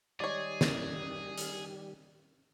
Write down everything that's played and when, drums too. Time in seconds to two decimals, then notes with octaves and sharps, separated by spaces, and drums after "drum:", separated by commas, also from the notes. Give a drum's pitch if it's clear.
0.20 D#3 G3 G#3 G4 G#4 C#5 D5
0.61 drum: snare
1.38 drum: hi-hat